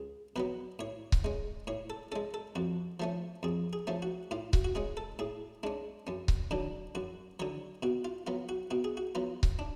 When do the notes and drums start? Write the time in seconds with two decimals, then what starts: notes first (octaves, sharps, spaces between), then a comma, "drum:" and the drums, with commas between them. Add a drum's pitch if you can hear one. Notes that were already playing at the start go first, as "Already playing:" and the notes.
Already playing: C#2 G#4
0.36 B2 F#3 B3 B4
0.79 A2 C#5
1.12 drum: kick C#1
1.24 G#3 C#4
1.67 A2 C#5
1.90 A4
2.12 G#3 C#4 A4
2.34 A4
2.55 F2 F#4
3.00 F3 A3 C#4
3.43 F2 G#4
3.73 G#4
3.87 F3 A3 C#4
4.02 F#4
4.31 A2 F4
4.53 F#4, drum: kick C#1
4.64 F#4
4.75 G#3 C#4 G#4
4.97 A4
5.19 A2 G#4
5.63 G#3 C#4 D4
6.07 F#2 C#4
6.28 drum: kick C#1
6.51 D3 F#3 D4
6.95 F#2 F#4
7.40 D3 F#3 C#5
7.83 B2 F#4
8.05 F4
8.27 F#3 B3 F4
8.49 F#4
8.71 B2 F#4
8.84 G#4
8.97 F#4
9.15 F#3 B3 F4
9.43 drum: kick C#1
9.59 D4